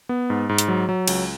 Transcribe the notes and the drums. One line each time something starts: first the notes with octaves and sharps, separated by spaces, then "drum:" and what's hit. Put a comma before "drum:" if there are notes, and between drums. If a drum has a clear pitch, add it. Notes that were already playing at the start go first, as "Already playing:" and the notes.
B3
G#2
G#2
drum: hi-hat
F#3
F#3
C#2, drum: cymbal